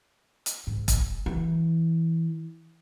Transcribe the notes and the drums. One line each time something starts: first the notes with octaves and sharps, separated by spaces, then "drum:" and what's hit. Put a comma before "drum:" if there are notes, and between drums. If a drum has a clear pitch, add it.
drum: hi-hat
G#2
drum: kick E1, hi-hat
E3